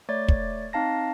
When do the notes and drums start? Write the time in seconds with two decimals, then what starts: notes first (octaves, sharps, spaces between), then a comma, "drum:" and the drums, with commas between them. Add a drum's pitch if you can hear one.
0.09 A3 C#5 D5 A6
0.28 drum: kick
0.73 C4 D#4 F5 A5 A#6